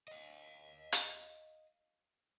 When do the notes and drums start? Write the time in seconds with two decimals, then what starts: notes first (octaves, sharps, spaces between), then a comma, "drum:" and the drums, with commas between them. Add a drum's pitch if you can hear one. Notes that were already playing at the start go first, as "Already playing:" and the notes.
0.08 D#5 F5
0.92 drum: hi-hat